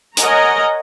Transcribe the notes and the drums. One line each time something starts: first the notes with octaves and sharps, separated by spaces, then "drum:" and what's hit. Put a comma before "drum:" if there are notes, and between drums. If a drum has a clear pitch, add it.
A#4 C#5 D#5 F#5 G#5 A#5, drum: hi-hat